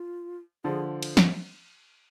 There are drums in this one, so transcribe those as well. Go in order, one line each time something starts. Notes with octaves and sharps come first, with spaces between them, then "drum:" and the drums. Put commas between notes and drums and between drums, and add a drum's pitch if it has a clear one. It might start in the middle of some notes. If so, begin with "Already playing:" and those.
Already playing: F4
D3 F3 G#4
drum: cymbal
drum: snare